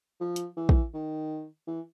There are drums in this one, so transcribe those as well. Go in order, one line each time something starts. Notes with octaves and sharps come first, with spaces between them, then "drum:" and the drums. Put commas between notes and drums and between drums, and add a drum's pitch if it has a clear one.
F3
drum: hi-hat
E3
drum: kick A#1
D#3
E3